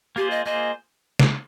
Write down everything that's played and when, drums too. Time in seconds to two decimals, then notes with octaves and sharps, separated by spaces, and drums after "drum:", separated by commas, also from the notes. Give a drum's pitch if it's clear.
0.16 A#3 F4 G4 G#4 C5
0.30 D#5
0.45 A#3 F4 G#4 C5 D#5
1.19 drum: snare